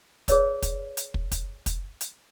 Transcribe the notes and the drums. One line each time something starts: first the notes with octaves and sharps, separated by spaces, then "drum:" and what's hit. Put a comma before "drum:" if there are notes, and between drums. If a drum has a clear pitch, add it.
G#4 B4 C#5 D5 E6, drum: kick, hi-hat
drum: kick, hi-hat
drum: hi-hat
drum: kick
drum: kick, hi-hat
drum: kick, hi-hat
drum: hi-hat